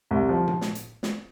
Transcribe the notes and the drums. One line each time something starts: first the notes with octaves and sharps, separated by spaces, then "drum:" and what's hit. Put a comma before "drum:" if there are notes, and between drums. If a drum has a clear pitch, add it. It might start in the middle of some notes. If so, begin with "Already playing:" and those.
C2
F3
drum: tom A#2
drum: snare
drum: hi-hat
drum: snare